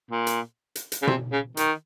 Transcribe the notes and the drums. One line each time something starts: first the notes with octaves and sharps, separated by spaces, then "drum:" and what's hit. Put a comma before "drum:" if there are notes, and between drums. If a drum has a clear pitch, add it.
A#2
drum: hi-hat
drum: hi-hat
drum: hi-hat
C#3
C3, drum: tom B2
C#3
D#3, drum: hi-hat